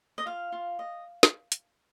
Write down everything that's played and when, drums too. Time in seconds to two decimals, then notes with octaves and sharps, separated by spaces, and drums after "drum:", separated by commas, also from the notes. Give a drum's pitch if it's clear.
0.18 D#5
0.26 F4 F5
0.52 F4
0.79 D#5
1.23 drum: snare
1.52 drum: hi-hat